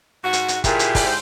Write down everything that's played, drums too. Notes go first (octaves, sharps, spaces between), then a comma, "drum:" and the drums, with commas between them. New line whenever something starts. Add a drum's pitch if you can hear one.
G#2 F#4
drum: hi-hat
drum: hi-hat
A#2 E4 G4 G#4, drum: kick, hi-hat
drum: hi-hat
drum: kick, open hi-hat
G#2 C5